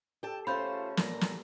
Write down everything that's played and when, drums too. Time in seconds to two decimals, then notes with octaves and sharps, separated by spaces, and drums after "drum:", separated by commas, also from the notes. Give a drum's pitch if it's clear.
0.23 G4 A4 G5 A5
0.47 C#3 A3 C#4 F4 C5 A5 B5 G6
0.97 D#2 A#2 A#5, drum: snare
1.21 drum: snare